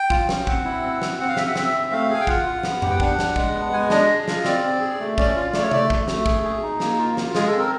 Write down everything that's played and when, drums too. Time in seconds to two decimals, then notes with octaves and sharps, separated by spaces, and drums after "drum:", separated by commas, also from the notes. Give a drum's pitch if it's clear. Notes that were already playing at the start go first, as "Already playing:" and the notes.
Already playing: G5
0.10 F4, drum: kick
0.29 C#4, drum: snare
0.47 C4 F#5, drum: kick
0.65 E4
0.83 C4
1.02 C4, drum: snare
1.20 C4 F#5
1.29 F5
1.37 C4 E5, drum: snare
1.47 F#5
1.56 C4 E5, drum: snare
1.74 C4
1.91 A3 F5
2.10 G#4 G#5
2.21 G5
2.27 F4 F#5, drum: kick
2.46 F4
2.63 B3, drum: snare
2.82 G4, drum: tom F2
2.91 G5
3.00 D4 F#5, drum: kick
3.19 D4, drum: snare
3.36 G#3, drum: kick
3.54 B3
3.72 G#3 G#5
3.90 D4 D#5, drum: snare
4.09 G#4
4.28 F4, drum: snare
4.45 C4 D5, drum: snare
4.63 C4
4.81 G#4
5.00 A3
5.18 C#4 D5, drum: kick
5.36 F4
5.54 A3 D5, drum: snare
5.63 C#5
5.71 A3 D5, drum: tom C3
5.90 A3, drum: kick
6.08 A3, drum: snare
6.26 G#4, drum: kick
6.44 G#4
6.63 D#4
6.80 A#3, drum: snare
6.98 F4
7.17 F4, drum: snare
7.35 G#3 G#4, drum: snare
7.48 A4
7.53 C4
7.59 A#4